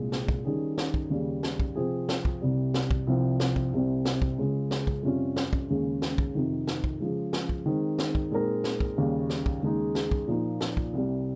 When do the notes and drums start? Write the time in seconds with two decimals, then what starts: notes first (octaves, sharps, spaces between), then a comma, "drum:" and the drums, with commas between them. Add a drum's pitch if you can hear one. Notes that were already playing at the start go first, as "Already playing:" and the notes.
Already playing: C2 A#2 G#3
0.12 drum: snare
0.28 drum: kick
0.45 D#3 G3 C#4 G#4
0.78 drum: snare
0.94 drum: kick
1.10 D#2 C#3 G3
1.43 drum: snare
1.60 drum: kick
1.76 C3 F3 C4 F4 G#4
2.09 drum: snare
2.25 drum: kick
2.42 C2 C3 G3
2.74 drum: snare
2.91 drum: kick
3.07 C2 C3 F3 C4
3.40 drum: snare
3.56 drum: kick
3.73 C2 C3 G3 C4
4.05 drum: snare
4.22 drum: kick
4.38 C#2 C#3 G#3 C#4
4.71 drum: snare
4.87 drum: kick
5.03 F2 C3 G3 C#4 F4
5.36 drum: snare
5.53 drum: kick
5.69 D#2 C#3 G#3 C#4
6.02 drum: snare
6.18 drum: kick
6.35 F2 C3 D#3
6.67 drum: snare
6.84 drum: kick
7.00 C#3 F3 G#3
7.33 drum: snare
7.49 drum: kick
7.66 D#3 G#3 C4
7.99 drum: snare
8.15 drum: kick
8.31 A#2 G#3 C4 D#4 A#4
8.64 drum: snare
8.80 drum: kick
8.97 D#2 C#3 G3
9.30 drum: snare
9.46 drum: kick
9.62 D#2 C#3 G#3 D#4
9.95 drum: snare
10.11 drum: kick
10.28 A#2 F3 A#3 D#4
10.61 drum: snare
10.77 drum: kick
10.93 C2 C3 G3